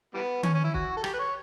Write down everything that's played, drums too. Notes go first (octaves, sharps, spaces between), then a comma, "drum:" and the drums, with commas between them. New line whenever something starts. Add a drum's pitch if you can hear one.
E3 G3 B3
C#4, drum: tom D#3
C#4
E4
F#4, drum: kick
A4
G4, drum: rim click
B4
C#5